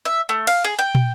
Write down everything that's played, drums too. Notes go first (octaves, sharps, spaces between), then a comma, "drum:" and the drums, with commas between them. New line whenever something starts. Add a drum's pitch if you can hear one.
E5
A3
F5, drum: cymbal
G#4
G5
drum: tom